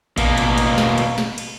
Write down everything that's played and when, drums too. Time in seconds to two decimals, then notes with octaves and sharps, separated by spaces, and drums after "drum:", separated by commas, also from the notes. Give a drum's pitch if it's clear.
0.18 B2 A#3, drum: kick A1, cymbal
0.38 drum: cymbal
0.58 drum: cymbal
0.78 drum: snare
0.98 drum: cymbal
1.18 drum: snare
1.38 drum: cymbal